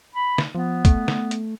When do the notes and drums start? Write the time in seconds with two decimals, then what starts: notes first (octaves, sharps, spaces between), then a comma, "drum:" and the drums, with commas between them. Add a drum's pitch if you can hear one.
0.15 B5
0.38 drum: snare
0.55 F3 B3
0.85 A3, drum: kick, hi-hat
1.08 drum: snare
1.31 drum: hi-hat